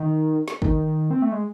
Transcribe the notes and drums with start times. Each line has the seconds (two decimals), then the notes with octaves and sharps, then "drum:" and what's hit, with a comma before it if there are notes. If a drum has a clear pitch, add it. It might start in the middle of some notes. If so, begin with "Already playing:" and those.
Already playing: D#3
0.48 drum: snare
0.62 D#3, drum: kick
1.11 C4
1.22 A3
1.32 G#3